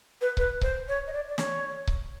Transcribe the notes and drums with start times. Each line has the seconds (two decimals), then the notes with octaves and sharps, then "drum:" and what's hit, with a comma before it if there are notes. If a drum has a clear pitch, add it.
0.21 B4
0.37 B4, drum: kick C#1
0.61 C5, drum: kick C#1
0.88 C#5
1.07 D#5
1.12 D5
1.28 D5
1.38 C#5, drum: snare
1.87 drum: kick C#1